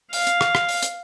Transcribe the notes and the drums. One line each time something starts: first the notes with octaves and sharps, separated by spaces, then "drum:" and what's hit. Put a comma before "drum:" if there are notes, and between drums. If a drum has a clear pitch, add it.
F5, drum: open hi-hat
drum: hi-hat
drum: rim click
drum: rim click
drum: open hi-hat
drum: hi-hat